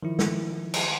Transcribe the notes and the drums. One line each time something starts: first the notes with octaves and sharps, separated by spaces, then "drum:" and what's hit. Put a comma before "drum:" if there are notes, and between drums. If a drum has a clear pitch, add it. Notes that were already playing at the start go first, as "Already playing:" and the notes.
D#3 F3 E4
drum: snare
drum: cymbal